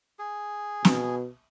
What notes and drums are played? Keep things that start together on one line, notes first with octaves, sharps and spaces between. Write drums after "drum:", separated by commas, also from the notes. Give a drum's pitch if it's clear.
G#4
B2, drum: snare